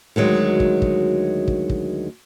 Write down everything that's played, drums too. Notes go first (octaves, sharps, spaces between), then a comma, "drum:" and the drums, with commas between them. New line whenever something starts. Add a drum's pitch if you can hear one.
D2 D#3 F#3 G#3
drum: kick
drum: kick
drum: kick
drum: kick